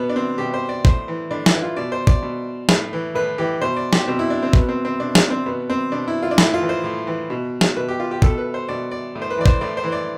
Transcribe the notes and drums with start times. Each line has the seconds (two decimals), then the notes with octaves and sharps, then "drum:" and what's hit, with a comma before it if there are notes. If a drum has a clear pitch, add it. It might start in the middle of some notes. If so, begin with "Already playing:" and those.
Already playing: B2 B3
0.09 D4
0.16 C4
0.38 B2 G4
0.54 C5
0.69 D5
0.85 A2 C5, drum: kick
1.08 E3
1.31 A2 D4
1.46 E4, drum: snare
1.54 E3
1.62 F4
1.76 B2 D5
1.92 C5
2.07 D5, drum: kick
2.22 B2
2.69 A2, drum: snare
2.93 E3
3.15 A2 B4
3.38 E3 G4
3.61 B2 C5
3.76 D5
3.93 G4, drum: snare
4.08 B2 C4
4.19 E4
4.30 D4
4.42 C4
4.53 B2 B3, drum: kick
4.69 C4
4.85 C4
5.00 B2 D4
5.15 D4, drum: snare
5.30 C4
5.46 B2 B3
5.70 C4
5.92 B2 D4
6.08 E4
6.22 F4
6.31 D4
6.38 A2 E4, drum: snare
6.54 F4
6.61 E3
6.69 C5
6.84 A2
7.07 E3
7.30 B2
7.61 drum: snare
7.76 B2 B4
7.88 G4
8.00 F4
8.11 G4
8.22 B2 A4, drum: kick
8.38 B4
8.54 C5
8.68 B2 D5
8.91 D5
9.15 A2
9.22 C5
9.30 B4
9.38 E3 D5
9.46 C5, drum: kick
9.61 A2 D5
9.77 C5
9.84 E3
9.92 D5